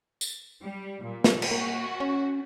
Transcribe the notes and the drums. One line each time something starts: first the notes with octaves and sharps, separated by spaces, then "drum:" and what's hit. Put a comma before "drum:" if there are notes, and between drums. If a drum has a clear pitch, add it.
drum: tambourine
G3
A#2
drum: snare
drum: cymbal
A#3 F#4
C#4